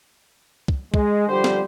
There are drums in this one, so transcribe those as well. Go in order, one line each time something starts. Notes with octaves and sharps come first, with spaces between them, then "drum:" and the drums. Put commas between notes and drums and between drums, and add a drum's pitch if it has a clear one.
drum: kick
G#3, drum: kick
D3 F3 G3 G4 C5
drum: snare